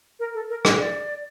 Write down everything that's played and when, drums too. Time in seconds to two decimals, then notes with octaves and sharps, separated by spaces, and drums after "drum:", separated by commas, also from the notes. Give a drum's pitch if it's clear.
0.20 A#4
0.34 A4
0.50 A#4
0.65 D#5, drum: rim click
0.79 D5